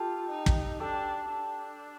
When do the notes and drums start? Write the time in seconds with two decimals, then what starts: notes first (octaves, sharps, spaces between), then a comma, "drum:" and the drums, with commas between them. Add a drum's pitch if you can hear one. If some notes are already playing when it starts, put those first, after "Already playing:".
Already playing: F4 G4 A4
0.29 D#4
0.46 drum: kick
0.80 D4 G4 A4
1.32 D4